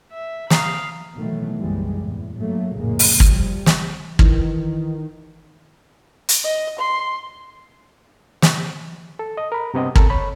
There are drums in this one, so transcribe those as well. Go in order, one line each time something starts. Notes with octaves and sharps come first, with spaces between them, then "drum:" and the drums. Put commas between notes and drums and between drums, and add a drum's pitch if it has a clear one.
E5
F5 A#5 B5 D#6 C7, drum: snare
B2 D#3 E3 F#3 A3
F#1 B1 E3 G3 G#3
E2 A2
G2 F#3 A3 A#3
F1 A#1 A2 C#3 G#3 A#3
drum: open hi-hat
A2 F3 G3, drum: kick
drum: snare
D#3 E3, drum: kick
drum: hi-hat
D#5
C6
drum: snare
A4
D#5
A#4 B5
G2 C3 B3 C4 D#5
C4 A4 A#4, drum: kick
C#5 B5